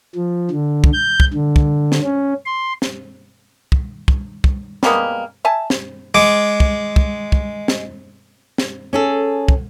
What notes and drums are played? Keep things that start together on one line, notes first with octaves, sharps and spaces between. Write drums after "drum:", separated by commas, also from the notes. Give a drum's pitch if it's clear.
F3
D3
drum: kick
G6
drum: kick
D3
drum: kick
drum: snare
C#4
C6
drum: snare
drum: kick
drum: kick
drum: kick
G3 G#3 A#3 B3, drum: snare
E5 G#5 A5
drum: snare
G#3 D6
drum: kick
drum: kick
drum: kick
drum: snare
drum: snare
C#4 G#4 A4
drum: kick